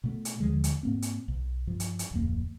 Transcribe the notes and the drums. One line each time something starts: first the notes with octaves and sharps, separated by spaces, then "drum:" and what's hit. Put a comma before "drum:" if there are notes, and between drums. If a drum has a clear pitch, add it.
B2 A3
drum: hi-hat
D#2 D3 F3 G#3
drum: hi-hat
G#2 A#3 C4
drum: hi-hat
B1
G2 F3
drum: hi-hat
drum: hi-hat
D1 F2 A#3